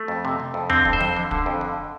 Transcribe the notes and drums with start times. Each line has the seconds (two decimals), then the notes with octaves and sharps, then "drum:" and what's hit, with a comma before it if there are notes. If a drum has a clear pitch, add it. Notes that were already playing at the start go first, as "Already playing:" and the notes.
Already playing: A3
0.08 F2
0.25 C3
0.40 C3
0.54 F2
0.69 D3 C4, drum: tom E2
0.85 F2, drum: kick
0.93 C5
1.00 F2, drum: tom F3
1.17 D3
1.31 D3, drum: kick
1.46 F2
1.61 D3